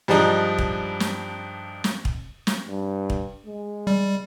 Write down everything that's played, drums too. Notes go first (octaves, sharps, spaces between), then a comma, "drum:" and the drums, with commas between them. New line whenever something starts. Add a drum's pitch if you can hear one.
G2 F3 G3 G#3 D4 D#4
drum: kick
drum: snare
drum: snare
drum: kick
drum: snare
G2
drum: kick
G#3
G3